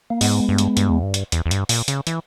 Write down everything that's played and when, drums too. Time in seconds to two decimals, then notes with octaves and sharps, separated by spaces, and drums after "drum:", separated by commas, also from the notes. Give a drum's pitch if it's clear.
0.10 A#3
0.21 G#2 G#3 B3, drum: open hi-hat
0.49 G2
0.58 drum: hi-hat
0.77 G2, drum: hi-hat
0.90 E2
1.03 G2
1.14 drum: hi-hat
1.32 E2, drum: hi-hat
1.46 E2
1.51 G2, drum: hi-hat
1.69 A#2, drum: open hi-hat
1.88 C#3, drum: hi-hat
2.07 E3, drum: hi-hat